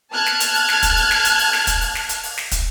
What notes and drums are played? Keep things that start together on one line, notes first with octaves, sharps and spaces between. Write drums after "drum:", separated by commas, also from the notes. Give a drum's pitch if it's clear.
A5 F6 F#6 G#6
drum: snare
drum: hi-hat
drum: open hi-hat
drum: snare
drum: kick, hi-hat
drum: open hi-hat
drum: snare
drum: hi-hat
drum: open hi-hat
drum: snare
drum: kick, hi-hat
drum: open hi-hat
drum: snare
drum: hi-hat
drum: open hi-hat
drum: snare
drum: kick, hi-hat